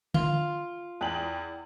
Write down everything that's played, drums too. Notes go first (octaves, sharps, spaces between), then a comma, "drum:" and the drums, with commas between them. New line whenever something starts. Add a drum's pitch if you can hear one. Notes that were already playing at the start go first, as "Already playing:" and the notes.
F4, drum: tom D3
E2 G5 F#7